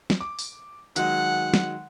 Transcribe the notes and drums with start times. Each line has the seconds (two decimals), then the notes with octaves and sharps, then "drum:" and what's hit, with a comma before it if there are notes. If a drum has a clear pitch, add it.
0.10 drum: snare
0.21 D6
0.39 drum: open hi-hat
0.96 D#3 F#3 G#3 F#5, drum: hi-hat
1.54 drum: snare